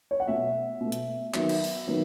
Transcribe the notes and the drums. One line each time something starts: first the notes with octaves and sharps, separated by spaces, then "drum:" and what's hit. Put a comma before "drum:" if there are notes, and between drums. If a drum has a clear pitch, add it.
C#5
F#5
B2 A3 E5
B2 A3
drum: hi-hat
D#3 F#3 B3 E5, drum: clap
drum: cymbal
drum: open hi-hat
D#3 F#3 B3